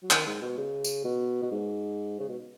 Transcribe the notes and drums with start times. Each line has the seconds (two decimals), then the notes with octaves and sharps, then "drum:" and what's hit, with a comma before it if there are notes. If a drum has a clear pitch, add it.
0.03 F#3
0.10 D#3, drum: clap
0.27 G#2
0.42 B2
0.58 C#3
0.84 drum: tambourine
1.05 B2
1.43 B2
1.52 G#2
2.20 C#3
2.29 B2